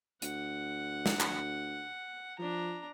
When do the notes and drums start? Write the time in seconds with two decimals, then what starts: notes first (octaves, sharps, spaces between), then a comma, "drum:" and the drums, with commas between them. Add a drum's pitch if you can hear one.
0.22 D2 F#5, drum: hi-hat
1.06 drum: snare
1.20 drum: clap
2.39 F3 D4 A#5